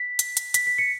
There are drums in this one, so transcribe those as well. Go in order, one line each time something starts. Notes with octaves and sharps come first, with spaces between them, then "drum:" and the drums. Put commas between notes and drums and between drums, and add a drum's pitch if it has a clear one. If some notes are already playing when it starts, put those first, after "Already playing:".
Already playing: B6
drum: hi-hat
drum: hi-hat
B6, drum: hi-hat
B6
C#7